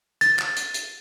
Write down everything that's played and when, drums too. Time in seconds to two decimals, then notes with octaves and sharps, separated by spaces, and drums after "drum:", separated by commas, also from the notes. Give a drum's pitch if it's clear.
0.21 A6, drum: hi-hat
0.39 drum: clap
0.57 drum: hi-hat
0.74 drum: hi-hat